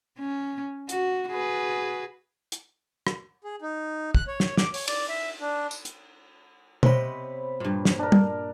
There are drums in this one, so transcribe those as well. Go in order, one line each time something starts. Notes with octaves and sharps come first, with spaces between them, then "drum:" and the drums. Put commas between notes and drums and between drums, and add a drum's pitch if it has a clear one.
C#4
F#4, drum: hi-hat
F#4 G#4 B4
drum: hi-hat
drum: rim click
G#4
D#4
F#6, drum: kick
C#5
drum: snare
D6, drum: snare
C#5, drum: open hi-hat
D5, drum: cymbal
E5
D4
drum: tambourine
drum: hi-hat
C3 B3 C5 C#5 D#5 B5, drum: tom
G2 A#2
drum: snare
D4 A#4
drum: tom